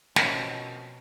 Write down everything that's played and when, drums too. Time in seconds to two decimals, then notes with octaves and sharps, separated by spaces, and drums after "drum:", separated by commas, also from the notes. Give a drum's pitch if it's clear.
0.16 B2 F3 C4 C#4 A#4, drum: snare